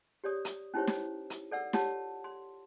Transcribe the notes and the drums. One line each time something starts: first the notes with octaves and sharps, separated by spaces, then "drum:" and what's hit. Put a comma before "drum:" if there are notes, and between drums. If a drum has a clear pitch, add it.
G4 C#5 D5 D#6
drum: hi-hat
C#4 D#4 E4 G4 C5 C#5
drum: snare
drum: hi-hat
A4 D5 F#5 E6
F4 G4 C#5 F#5 A5, drum: snare
C6